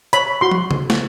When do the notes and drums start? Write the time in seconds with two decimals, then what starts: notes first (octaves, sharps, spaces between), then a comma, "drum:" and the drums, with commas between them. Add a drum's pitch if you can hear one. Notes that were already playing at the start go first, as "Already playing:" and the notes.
0.13 C#5 B5, drum: hi-hat
0.41 F#4 C6
0.51 drum: tom
0.71 drum: tom C#3
0.90 drum: snare